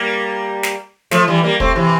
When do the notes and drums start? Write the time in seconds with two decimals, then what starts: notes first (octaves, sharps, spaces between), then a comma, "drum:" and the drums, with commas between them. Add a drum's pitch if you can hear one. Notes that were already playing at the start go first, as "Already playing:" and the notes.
Already playing: G3 A#3
0.63 drum: snare
1.11 F3 A3, drum: snare
1.28 E3 G3
1.44 G3 A#3
1.60 A3 C4, drum: kick
1.76 C3 E3